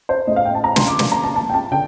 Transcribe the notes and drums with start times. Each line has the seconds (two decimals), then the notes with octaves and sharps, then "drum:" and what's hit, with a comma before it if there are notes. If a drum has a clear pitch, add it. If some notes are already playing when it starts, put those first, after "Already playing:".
0.09 C5
0.27 A2 A3 D#5
0.36 F5
0.45 G5
0.55 A5
0.64 A#5
0.76 C6, drum: snare
0.88 D6
0.99 A#2 F3 A#3, drum: snare
1.12 A#5
1.24 A5
1.36 A5
1.49 G5
1.54 A5
1.72 D3 G5